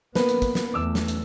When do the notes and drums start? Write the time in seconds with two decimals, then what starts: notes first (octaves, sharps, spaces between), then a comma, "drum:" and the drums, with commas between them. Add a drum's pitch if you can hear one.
0.15 A#3 B3 B4, drum: snare
0.29 drum: hi-hat
0.42 drum: kick, hi-hat
0.55 drum: snare
0.74 E2 A3 D6 E6
0.95 drum: snare
1.08 drum: hi-hat